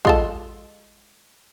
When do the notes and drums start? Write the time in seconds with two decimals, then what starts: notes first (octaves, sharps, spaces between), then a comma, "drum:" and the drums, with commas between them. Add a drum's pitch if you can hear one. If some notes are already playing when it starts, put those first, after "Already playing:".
0.05 G#3 F4 A4, drum: kick